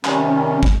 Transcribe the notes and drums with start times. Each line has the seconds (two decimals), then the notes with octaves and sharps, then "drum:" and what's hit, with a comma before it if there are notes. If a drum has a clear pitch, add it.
0.05 C3 D#3 G3 C#4, drum: clap
0.63 drum: kick